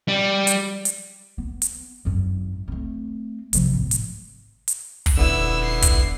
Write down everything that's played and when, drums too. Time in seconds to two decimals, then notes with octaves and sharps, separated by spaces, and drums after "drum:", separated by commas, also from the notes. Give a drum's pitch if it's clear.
0.08 G3
0.47 drum: hi-hat
0.85 drum: hi-hat
1.38 B3
1.62 drum: hi-hat
2.05 G#1 F#2
2.68 A3 C4
3.53 C3 F3, drum: hi-hat
3.73 G#1 A2
3.91 drum: hi-hat
4.68 drum: hi-hat
5.06 drum: kick, open hi-hat
5.17 D#1 D3 B3 E4 E6
5.65 C7
5.82 drum: kick, hi-hat